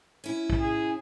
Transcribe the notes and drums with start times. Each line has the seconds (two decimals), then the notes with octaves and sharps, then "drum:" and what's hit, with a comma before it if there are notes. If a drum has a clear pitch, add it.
0.24 C#4 E4
0.50 drum: kick
0.60 G#4